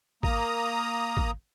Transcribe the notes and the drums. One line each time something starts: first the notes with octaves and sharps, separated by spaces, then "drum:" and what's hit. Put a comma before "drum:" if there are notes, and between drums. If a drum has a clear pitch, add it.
A#3 A#5 D#6, drum: kick G#1
drum: kick G#1